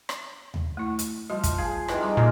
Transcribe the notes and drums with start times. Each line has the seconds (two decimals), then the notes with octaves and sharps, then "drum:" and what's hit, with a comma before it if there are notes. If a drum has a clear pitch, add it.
0.09 drum: rim click
0.54 drum: tom D#2
0.77 A3 E4
0.99 drum: hi-hat
1.30 F3 G3 F#4 D#5
1.44 drum: kick, hi-hat
1.58 G#4 F5 A5
1.88 C3 D#3 G#3 E4 B4 G#5, drum: rim click
2.02 G3 D#5 D6
2.17 A#2 F3 A#3 G#4 A#4